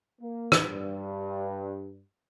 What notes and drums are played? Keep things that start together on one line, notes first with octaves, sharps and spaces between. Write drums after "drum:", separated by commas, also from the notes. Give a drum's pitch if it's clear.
A#3
drum: rim click
G2